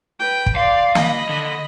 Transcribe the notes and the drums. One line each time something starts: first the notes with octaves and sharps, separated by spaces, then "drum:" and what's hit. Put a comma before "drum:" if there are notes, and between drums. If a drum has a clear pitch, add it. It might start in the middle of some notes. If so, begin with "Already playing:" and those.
B4 G5
drum: kick
D5 F5 C6
D#5 B5, drum: snare
D3